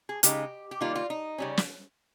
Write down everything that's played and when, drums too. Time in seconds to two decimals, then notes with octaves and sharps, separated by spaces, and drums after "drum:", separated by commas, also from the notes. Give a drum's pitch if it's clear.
0.09 G#4
0.23 C#3 G#3 D#4 G4, drum: hi-hat
0.71 G4
0.81 D#3 G3 A#3 D#4 F4
0.95 F4
1.10 D#4
1.38 C#3 G3 C#4
1.57 drum: snare